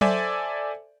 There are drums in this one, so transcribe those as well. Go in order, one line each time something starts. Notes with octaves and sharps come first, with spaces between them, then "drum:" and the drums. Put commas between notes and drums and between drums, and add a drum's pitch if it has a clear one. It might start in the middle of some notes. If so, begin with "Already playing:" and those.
A4 C5 D5 E5 G#5, drum: tom F#3